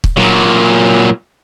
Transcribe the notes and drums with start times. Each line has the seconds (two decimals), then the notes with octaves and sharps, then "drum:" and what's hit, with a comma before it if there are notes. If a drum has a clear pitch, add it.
0.04 drum: kick
0.17 A#2 F#3